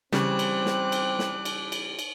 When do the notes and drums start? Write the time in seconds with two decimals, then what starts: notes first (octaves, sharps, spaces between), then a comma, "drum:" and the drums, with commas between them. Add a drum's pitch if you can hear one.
0.12 C#3 E3 G3 C4 D6 F#6, drum: snare
0.39 drum: cymbal
0.66 drum: snare
0.92 drum: cymbal
1.19 drum: snare
1.45 drum: cymbal
1.72 drum: cymbal
1.99 drum: cymbal